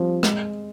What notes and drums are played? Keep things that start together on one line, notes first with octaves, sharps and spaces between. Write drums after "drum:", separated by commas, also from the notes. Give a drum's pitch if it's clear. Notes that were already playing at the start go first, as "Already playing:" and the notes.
Already playing: F3 G3 C4
G#3, drum: rim click